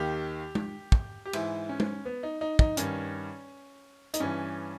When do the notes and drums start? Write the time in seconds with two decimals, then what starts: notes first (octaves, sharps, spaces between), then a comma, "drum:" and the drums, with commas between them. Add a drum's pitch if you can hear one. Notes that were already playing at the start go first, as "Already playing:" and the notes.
Already playing: D#2 D#3 G4
0.55 drum: tom
0.92 drum: kick
1.25 G4
1.33 G#2 E3 E4, drum: cymbal
1.69 C#4
1.80 drum: tom
2.05 B3
2.23 D#4
2.41 D#4
2.59 D#4, drum: kick
2.77 G2 D#3 C#4, drum: hi-hat
4.14 D#4, drum: hi-hat
4.20 G2 E3 C#4